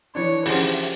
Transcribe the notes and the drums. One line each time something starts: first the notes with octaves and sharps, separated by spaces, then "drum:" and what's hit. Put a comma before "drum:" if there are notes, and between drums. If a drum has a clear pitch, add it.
E3 D4 C#5
C#3 F3 G4, drum: open hi-hat